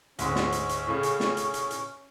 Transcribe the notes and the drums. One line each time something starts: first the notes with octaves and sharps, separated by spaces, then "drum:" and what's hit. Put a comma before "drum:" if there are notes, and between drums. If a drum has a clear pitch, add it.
D2 G#2 C#4, drum: hi-hat
drum: snare
drum: hi-hat
drum: hi-hat
A2 C#3
drum: hi-hat
drum: snare
drum: hi-hat
drum: hi-hat
drum: hi-hat